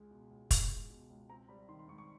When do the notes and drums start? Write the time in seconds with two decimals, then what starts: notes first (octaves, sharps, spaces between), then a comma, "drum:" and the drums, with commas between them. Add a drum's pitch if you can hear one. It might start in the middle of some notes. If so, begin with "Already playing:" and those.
Already playing: C#2 G#3
0.11 B2
0.30 C#2
0.51 C#2, drum: kick, hi-hat
0.70 G#3
0.90 B2
1.10 C#2
1.29 C4 A#5
1.49 G3 B5
1.68 D#3 C6
1.79 C6
1.88 G#2 C#6
1.98 C#6